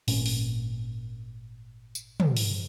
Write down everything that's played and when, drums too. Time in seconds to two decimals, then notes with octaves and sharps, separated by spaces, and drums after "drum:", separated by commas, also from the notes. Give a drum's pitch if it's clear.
0.08 G#1 A#2 C#4, drum: open hi-hat
0.26 drum: open hi-hat
1.95 drum: tambourine
2.20 drum: tom
2.37 drum: open hi-hat